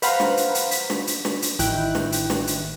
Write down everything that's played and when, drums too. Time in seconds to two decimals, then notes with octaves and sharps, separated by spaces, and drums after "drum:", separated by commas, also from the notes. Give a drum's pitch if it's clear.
0.02 B4 C5 F5 F#5 A#5 B5, drum: hi-hat
0.20 drum: snare
0.37 drum: hi-hat
0.55 drum: hi-hat
0.71 B6, drum: hi-hat
0.90 drum: snare
1.07 drum: hi-hat
1.25 drum: snare
1.42 drum: hi-hat
1.59 A1 D#3 E4 G5 F#6, drum: hi-hat
1.95 drum: snare
2.12 drum: hi-hat
2.30 drum: snare
2.47 drum: hi-hat